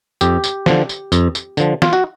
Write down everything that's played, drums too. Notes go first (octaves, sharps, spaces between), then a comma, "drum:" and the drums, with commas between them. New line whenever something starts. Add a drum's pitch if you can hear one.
F2 G4, drum: tambourine
drum: tambourine
D3 F3, drum: snare
drum: tambourine
F2, drum: tambourine
drum: tambourine
D3 F3, drum: tambourine
F4, drum: snare
F#4